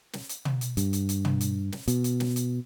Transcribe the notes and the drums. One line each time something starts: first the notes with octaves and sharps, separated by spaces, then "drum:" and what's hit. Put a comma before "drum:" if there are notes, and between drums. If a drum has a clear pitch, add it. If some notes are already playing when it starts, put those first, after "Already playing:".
drum: snare
drum: hi-hat
drum: tom
drum: hi-hat
G2, drum: hi-hat
drum: hi-hat
drum: hi-hat
drum: tom
drum: hi-hat
drum: snare
B2, drum: hi-hat
drum: hi-hat
drum: snare
drum: hi-hat